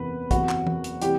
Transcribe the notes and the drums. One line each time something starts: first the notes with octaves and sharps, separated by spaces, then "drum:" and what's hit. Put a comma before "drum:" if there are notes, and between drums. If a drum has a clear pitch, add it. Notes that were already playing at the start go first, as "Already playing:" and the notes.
Already playing: F#1 E2 C3 E3 B3 B4
F#1 E2 C3 F#4 F#5, drum: kick, hi-hat
drum: clap
drum: tom
drum: hi-hat
C3 E3 G3 G4 G5, drum: hi-hat